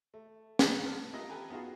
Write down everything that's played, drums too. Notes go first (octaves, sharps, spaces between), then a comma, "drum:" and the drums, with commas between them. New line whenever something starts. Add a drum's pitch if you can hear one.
A3
G5 A#5 B5, drum: snare
A5 F6
F4 G4 A#4 B4 D#5 E5
G4 A4 B4 G5 G#5 A#5
B3 D#4 F4 F#4 G#4